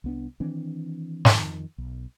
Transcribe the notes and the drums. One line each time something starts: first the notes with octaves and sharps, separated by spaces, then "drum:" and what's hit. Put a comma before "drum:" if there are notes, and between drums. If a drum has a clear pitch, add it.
C2 B3 D4
D#3 E3 C4 D4
F2 D#3, drum: snare
B1